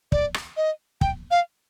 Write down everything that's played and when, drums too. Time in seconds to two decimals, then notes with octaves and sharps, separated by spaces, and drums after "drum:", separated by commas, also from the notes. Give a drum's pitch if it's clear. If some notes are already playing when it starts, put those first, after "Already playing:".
0.12 D5, drum: kick
0.34 drum: rim click
0.57 D#5
1.01 G5, drum: kick
1.31 F5